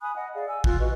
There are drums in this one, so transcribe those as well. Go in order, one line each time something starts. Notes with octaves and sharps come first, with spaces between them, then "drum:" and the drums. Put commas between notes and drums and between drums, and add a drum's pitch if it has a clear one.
G#5 B5 D#6 F#6
D#5 F#5
G#4 D5 F5
G#5 E6
F4 F#6, drum: kick
F#4 B4 D#5